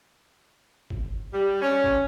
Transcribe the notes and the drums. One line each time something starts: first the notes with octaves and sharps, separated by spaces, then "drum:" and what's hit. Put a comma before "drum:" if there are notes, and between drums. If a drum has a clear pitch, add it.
drum: kick
G3
C#4
drum: kick